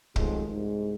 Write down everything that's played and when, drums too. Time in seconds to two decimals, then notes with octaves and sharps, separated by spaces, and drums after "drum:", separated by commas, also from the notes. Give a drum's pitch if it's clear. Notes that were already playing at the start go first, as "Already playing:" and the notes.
0.16 C3 D#3 F3 F#3 G#3 A3, drum: kick
0.47 C2 G#2